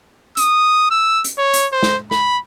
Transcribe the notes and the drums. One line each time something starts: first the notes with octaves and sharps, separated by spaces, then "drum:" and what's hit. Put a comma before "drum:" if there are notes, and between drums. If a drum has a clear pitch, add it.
D#6, drum: hi-hat
E6
drum: hi-hat
C#5
drum: hi-hat
C5
drum: snare
B5, drum: snare